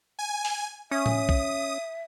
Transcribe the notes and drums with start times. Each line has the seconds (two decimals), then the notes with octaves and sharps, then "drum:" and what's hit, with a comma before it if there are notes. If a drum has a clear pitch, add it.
0.19 G#5
0.45 drum: open hi-hat
0.91 C#4 E5 D#6
1.06 drum: tom A2
1.29 drum: kick